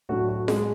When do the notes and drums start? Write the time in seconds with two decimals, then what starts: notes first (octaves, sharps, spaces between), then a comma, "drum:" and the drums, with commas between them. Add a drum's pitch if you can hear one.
0.09 A2 F#3 A3 D4 F#4
0.28 F#4
0.48 G#3 G#4, drum: snare F4